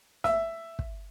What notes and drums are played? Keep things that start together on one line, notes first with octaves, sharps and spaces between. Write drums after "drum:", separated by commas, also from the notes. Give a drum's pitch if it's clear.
E5, drum: snare
drum: kick